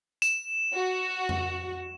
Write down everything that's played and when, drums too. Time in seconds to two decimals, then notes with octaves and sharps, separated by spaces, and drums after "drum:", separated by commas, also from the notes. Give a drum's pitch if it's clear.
0.22 E7, drum: tambourine
0.75 F#4
1.29 drum: tom F2